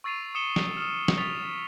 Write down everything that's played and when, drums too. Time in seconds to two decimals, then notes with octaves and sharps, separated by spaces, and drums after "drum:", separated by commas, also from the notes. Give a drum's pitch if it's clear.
0.04 C#6 E6 A6 C7 D#7 F7
0.35 D#6 C#7 E7 G7
0.56 drum: snare
0.77 D#6 F6
1.08 drum: snare
1.18 C#6 D#6 A6 B6 F7